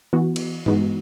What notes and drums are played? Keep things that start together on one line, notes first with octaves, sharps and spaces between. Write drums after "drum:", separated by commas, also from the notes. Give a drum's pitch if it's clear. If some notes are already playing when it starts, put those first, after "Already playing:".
E3 B3 F#4
drum: cymbal
E3 G#3 B3 D#4 F#4, drum: tom G2